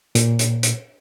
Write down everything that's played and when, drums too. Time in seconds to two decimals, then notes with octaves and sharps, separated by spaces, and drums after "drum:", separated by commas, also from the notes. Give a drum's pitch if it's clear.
0.15 A#2, drum: hi-hat
0.39 drum: hi-hat
0.63 drum: hi-hat